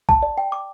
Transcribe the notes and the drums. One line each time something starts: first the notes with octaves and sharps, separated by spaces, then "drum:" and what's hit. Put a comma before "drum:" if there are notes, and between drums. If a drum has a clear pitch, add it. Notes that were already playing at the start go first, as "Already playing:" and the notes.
A5, drum: kick C2
D5
G5
D6